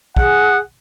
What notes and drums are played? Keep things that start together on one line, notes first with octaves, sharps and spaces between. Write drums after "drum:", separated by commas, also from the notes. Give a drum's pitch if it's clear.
G#4 F#5, drum: kick